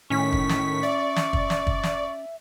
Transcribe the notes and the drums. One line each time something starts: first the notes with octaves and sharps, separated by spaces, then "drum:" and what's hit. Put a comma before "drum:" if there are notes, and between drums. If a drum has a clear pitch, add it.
A2 D#3 C#4 C#6 B6
drum: kick
drum: snare
D5 E5
drum: snare
drum: kick
drum: snare
drum: kick
drum: snare